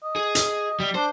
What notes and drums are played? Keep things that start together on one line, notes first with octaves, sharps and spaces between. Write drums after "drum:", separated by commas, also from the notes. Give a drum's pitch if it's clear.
D#5
G#4
drum: hi-hat
G3
D4 C5